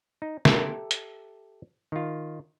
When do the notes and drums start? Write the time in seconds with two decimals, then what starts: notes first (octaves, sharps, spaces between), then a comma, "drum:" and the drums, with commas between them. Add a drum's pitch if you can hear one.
0.22 D#4
0.45 G4 A4 E5 A#5, drum: snare
0.91 drum: hi-hat
1.92 D#3 F4